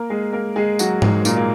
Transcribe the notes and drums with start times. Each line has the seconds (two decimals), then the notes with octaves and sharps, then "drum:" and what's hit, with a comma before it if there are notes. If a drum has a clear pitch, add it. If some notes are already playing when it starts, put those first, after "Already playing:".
Already playing: A#3 A#4
0.10 G#3 G#4
0.33 A#3 A#4
0.56 G#3 G#4
0.79 F#3 F#4, drum: tambourine
1.02 G#2 G#3, drum: tom G#2
1.25 A#2 A#3, drum: tambourine
1.37 A#3